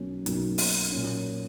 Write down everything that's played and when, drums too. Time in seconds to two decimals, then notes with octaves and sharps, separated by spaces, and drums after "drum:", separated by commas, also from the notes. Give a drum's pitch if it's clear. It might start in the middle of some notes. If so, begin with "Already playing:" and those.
Already playing: B1 B2 F#3 A#3 C#4
0.26 B1 B2 F#3 A#3 C#4, drum: hi-hat
0.58 drum: open hi-hat
0.92 A#2 F#3 C#4